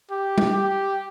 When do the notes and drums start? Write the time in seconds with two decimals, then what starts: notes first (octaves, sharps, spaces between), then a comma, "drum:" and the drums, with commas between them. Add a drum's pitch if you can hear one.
0.11 G4
0.38 drum: tom G3
0.54 G4